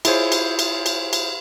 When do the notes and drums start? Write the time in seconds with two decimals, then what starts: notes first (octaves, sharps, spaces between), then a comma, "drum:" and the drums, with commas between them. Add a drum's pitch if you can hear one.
0.05 E4 F4 G#4 C5 C#5, drum: cymbal
0.32 drum: cymbal
0.59 drum: cymbal
0.86 drum: cymbal
1.13 drum: cymbal